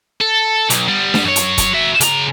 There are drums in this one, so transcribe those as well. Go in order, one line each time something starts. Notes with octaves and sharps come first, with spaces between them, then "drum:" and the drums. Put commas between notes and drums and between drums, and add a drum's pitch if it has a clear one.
A4
B1, drum: hi-hat
G3 B3
drum: snare D4
F#2 C#5
drum: hi-hat
drum: kick, hi-hat
F#4 E5
C#3 A#5, drum: hi-hat